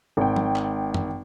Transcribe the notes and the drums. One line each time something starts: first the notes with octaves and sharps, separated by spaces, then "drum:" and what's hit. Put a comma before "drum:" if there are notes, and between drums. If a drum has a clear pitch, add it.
G#1 G5
drum: tom F3
drum: clap
drum: tom F#2